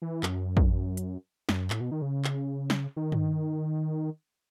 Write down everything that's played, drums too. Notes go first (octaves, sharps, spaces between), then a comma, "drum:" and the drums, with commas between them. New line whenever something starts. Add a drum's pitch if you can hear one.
E3
F#2, drum: clap
drum: kick
drum: hi-hat
F#2, drum: snare
A2, drum: clap
B2
D#3
C#3
drum: clap
drum: snare
D#3
drum: tom G2